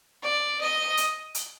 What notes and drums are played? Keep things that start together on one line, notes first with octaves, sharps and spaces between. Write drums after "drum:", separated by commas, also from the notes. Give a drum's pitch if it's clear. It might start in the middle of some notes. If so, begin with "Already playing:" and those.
D5
D#5
drum: hi-hat
drum: hi-hat